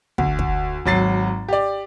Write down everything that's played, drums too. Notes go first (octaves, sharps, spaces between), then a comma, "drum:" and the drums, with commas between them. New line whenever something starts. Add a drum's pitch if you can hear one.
D2, drum: kick
drum: kick
G#1 F#3 A6 C7
G4 D5